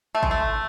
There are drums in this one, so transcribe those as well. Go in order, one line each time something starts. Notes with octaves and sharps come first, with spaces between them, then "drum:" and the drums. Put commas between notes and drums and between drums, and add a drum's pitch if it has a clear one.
A3
G#3, drum: kick G#1
A3